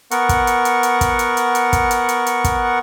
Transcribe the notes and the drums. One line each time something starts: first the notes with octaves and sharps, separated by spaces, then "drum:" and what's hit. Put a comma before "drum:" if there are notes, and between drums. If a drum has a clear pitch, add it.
B3 A#4 F#5 C#6, drum: hi-hat
drum: kick, hi-hat
drum: hi-hat
drum: hi-hat
drum: hi-hat
drum: kick, hi-hat
drum: hi-hat
drum: hi-hat
drum: hi-hat
drum: kick, hi-hat
drum: hi-hat
drum: hi-hat
drum: hi-hat
drum: kick, hi-hat